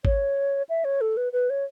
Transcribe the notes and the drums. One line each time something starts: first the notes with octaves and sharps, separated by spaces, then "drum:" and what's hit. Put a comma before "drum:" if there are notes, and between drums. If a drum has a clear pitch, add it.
C#5, drum: kick G#1
E5
C#5
A4
B4
B4
C#5